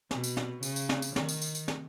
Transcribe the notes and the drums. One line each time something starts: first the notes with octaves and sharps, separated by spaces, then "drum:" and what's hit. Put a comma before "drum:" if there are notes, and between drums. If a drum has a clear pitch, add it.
B2, drum: snare
drum: tambourine
drum: snare
C#3, drum: tambourine
drum: tambourine
drum: snare
drum: tambourine
D#3, drum: snare
drum: tambourine
drum: tambourine
drum: tambourine
drum: snare